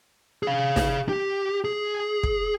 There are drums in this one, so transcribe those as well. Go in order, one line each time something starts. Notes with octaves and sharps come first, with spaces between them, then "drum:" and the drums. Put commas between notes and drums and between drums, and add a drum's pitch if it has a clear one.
G#4 F5
drum: snare
G4
G#4
drum: kick